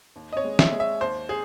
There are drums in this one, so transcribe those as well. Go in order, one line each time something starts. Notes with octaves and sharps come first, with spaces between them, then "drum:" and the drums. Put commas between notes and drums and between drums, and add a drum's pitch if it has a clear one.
D#2
D#5
C#5
G#3
E5, drum: snare
G#3
E5
D#2 C5
G#4